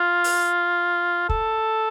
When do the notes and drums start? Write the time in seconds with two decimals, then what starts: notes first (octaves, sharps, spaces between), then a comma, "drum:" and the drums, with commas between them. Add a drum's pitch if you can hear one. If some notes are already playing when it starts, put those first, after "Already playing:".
Already playing: F4
0.24 drum: open hi-hat
1.29 A4, drum: kick